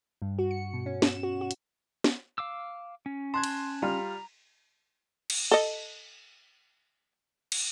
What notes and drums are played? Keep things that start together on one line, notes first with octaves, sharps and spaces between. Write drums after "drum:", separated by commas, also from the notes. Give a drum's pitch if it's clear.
G2
F#4
C#7
B2
C#4
E7, drum: snare
F#4
F#4
drum: hi-hat
drum: snare
F5 D6 E6
C#4
A5 C6 F#6 G#6
drum: cymbal
G3 F4 A#5
drum: cymbal
A4 D#5
drum: cymbal